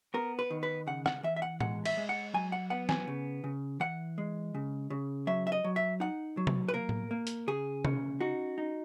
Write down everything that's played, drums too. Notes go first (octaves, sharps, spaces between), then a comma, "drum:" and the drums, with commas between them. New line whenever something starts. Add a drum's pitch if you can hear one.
B3 A#4
B4
D#3
B4
C#3 F#5
F#5, drum: rim click
E3 E5
E5
F#5
G#3 F#5, drum: tom A2
E5, drum: cymbal
G#3
F#5
F#3 G#5
F#5
B3 F#5
G#5, drum: snare
C#3
C#3
E3 F#5
G#3
C#3
C#3
F#3 E5
E5
D#5
F#3
E5
D#4 F#5
F#3
drum: tom C3
B4
A#3 A#4
drum: tom A2
A#3
drum: hi-hat
C#3 G#4
C#4, drum: tom C3
D#4 F#4
D#4